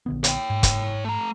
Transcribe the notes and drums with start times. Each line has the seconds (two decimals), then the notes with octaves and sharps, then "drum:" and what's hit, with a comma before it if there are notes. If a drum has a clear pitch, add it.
0.06 A#1 D3 B3
0.24 C#5 G5, drum: hi-hat
0.50 G#2
0.63 drum: kick, hi-hat
1.05 A3 A#5